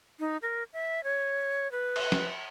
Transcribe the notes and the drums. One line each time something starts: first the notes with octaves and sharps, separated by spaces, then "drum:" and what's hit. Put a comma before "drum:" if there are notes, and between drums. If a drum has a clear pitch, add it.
D#4
A#4
E5
C#5
B4
drum: cymbal
drum: snare